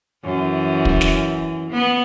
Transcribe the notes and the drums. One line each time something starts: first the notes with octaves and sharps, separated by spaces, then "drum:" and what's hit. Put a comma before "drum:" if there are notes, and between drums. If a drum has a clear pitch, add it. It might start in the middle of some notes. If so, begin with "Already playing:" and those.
F#2 E3
drum: kick
drum: snare
B3